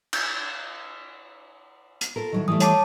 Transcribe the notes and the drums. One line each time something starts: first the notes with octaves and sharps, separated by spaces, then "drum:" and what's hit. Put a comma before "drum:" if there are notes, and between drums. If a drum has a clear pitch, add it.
drum: cymbal
drum: hi-hat
F4 A4 A#4
D#3 F#3 E4
E3 G3 A3 D#6
C#5 A5 D6, drum: hi-hat